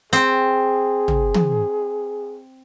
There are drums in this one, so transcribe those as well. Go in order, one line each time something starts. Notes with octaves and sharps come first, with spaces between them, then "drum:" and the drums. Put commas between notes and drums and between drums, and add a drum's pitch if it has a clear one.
C4 G#4, drum: hi-hat
drum: tom
drum: tom